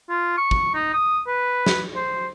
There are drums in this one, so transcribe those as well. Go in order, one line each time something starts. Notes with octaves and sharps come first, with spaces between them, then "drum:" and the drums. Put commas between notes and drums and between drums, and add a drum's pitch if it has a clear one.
F4
C#6
drum: kick
D#4
D#6
B4
drum: snare
C5